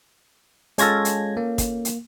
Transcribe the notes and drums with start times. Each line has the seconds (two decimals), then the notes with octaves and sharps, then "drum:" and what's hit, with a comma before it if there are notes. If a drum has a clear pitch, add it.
0.78 G#3 C#4 F4 A4 G#6 A#6, drum: hi-hat
1.05 drum: hi-hat
1.37 A#3
1.58 drum: kick, hi-hat
1.85 drum: hi-hat